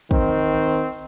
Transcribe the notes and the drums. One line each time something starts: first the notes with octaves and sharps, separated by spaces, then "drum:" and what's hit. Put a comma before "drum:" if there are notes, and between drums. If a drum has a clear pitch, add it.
D#3 C4, drum: kick